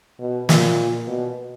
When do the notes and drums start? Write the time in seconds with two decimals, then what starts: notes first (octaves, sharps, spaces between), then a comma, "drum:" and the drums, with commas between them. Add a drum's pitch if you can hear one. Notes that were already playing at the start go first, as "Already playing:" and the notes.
0.20 B2
0.49 A#2, drum: snare
1.07 B2